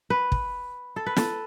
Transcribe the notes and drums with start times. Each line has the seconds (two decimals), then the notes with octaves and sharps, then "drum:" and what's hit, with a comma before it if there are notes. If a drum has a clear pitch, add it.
0.10 B4
0.32 drum: kick
0.96 A4
1.06 B4
1.17 A4, drum: snare